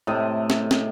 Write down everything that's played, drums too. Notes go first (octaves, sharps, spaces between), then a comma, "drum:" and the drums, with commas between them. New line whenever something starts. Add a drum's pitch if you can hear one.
A2 C3 D#5
drum: snare
drum: snare